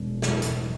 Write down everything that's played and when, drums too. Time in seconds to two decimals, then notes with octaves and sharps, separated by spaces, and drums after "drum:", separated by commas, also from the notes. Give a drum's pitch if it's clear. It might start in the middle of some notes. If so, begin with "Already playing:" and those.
Already playing: E1
0.22 E1, drum: snare
0.42 drum: hi-hat